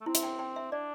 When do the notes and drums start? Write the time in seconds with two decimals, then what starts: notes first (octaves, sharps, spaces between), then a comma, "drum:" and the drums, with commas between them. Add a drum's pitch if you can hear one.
0.01 A3
0.06 C4 E4
0.15 E5, drum: hi-hat
0.23 G5
0.39 G5
0.56 E5
0.72 D4 D5